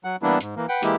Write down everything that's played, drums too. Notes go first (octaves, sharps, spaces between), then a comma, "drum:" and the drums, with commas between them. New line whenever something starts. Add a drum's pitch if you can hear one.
F#3 F#5
E3 G3 A#3 B3 D4 E4
G#2, drum: hi-hat
E3 A#3
B4 F#5 G5
E3 G#3 A#3 E4 G4, drum: hi-hat